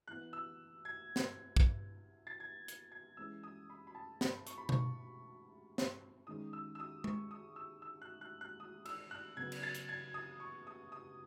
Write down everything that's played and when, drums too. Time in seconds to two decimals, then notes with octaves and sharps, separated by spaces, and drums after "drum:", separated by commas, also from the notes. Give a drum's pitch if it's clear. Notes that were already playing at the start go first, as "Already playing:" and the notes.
0.07 E3 B3 F#6
0.33 E6
0.85 G#6
1.16 drum: snare
1.56 drum: kick
2.27 A6
2.40 G#6
2.68 drum: hi-hat
2.92 G#6
3.17 E3 G#3 C#4 E6
3.43 D#6
3.70 B5
3.87 B5
3.95 A5
4.21 B5, drum: snare
4.47 C#6, drum: hi-hat
4.58 B5
4.69 C#6, drum: tom B2
5.78 drum: snare
6.27 D#3 G#3 C#4 D#6
6.53 E6
6.75 E6
6.80 D#6
7.04 C#6, drum: tom G#3
7.31 D#6
7.56 E6
7.82 E6
8.02 F#6
8.21 F#6
8.41 F#6
8.60 D#6
8.85 E6, drum: cymbal
9.11 F#6
9.37 C#3 F#3 B3 G#6
9.52 drum: cymbal
9.63 A6
9.75 drum: hi-hat
9.89 G#6
10.14 D#6
10.40 C#6
10.67 D#6
10.92 D#6